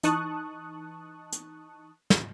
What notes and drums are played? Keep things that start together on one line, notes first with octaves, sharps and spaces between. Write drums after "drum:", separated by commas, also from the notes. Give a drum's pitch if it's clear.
E3 D#4 A5 C#6 D#6 F#6, drum: hi-hat
drum: hi-hat
drum: snare